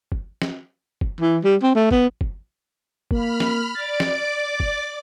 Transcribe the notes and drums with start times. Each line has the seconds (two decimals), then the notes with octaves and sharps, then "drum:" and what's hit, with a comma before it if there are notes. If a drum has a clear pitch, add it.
0.12 drum: kick
0.42 drum: snare
1.01 drum: kick
1.21 E3
1.44 G3
1.63 C4
1.75 A3
1.91 B3, drum: kick
2.21 drum: kick
3.11 A#3 B5 F6, drum: kick
3.40 drum: snare
3.75 D5 D6 A6
4.00 drum: snare
4.60 drum: kick